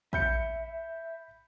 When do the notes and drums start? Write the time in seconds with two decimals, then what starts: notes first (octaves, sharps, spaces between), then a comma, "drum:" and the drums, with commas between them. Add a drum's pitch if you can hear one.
0.13 E5 B5 G6 C#7, drum: kick